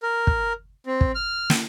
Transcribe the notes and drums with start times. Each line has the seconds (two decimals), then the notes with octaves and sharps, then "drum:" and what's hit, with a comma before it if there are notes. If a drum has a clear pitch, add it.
0.03 A#4
0.27 drum: kick
0.86 C4
1.01 drum: kick
1.15 F6
1.50 drum: snare